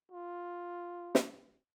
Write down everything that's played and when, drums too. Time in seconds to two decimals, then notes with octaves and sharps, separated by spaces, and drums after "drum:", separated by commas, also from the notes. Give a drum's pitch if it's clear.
0.12 F4
1.15 drum: snare